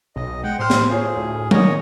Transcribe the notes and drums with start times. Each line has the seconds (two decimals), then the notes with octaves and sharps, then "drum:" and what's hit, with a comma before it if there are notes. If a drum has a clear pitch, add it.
0.16 B1 D#5
0.44 G#3 F#5 G5
0.59 A2 C5 G5 C6 F6
0.70 drum: snare
0.90 F4 G#4 C5 C#5
1.16 D2
1.51 A#2 D#3 C#5 D#5, drum: tom F#3